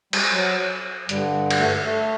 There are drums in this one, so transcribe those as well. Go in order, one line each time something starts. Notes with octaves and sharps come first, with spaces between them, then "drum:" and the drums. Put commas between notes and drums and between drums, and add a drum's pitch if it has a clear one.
G3, drum: cymbal
F#3
G2 D3 G3, drum: hi-hat
drum: cymbal
A3
A3